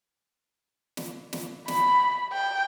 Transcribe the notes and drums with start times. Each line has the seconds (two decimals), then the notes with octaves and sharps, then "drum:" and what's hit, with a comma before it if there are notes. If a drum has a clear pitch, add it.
0.97 drum: snare
1.33 drum: snare
1.68 B5, drum: snare
2.32 G5